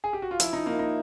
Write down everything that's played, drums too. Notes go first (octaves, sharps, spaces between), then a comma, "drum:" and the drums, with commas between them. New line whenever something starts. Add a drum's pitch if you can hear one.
G#4
G4
F#4
F4
F3 E4, drum: hi-hat
D#4
A#3 D#4
D#4